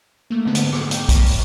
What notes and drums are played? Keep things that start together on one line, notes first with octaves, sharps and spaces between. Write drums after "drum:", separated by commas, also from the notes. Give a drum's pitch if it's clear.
A3 A#3
G#2 D3 B3
drum: hi-hat
drum: rim click
G5 D6 G6, drum: hi-hat
A#5 B5 C#6 F6 A#6 B6, drum: kick, hi-hat
F#2, drum: open hi-hat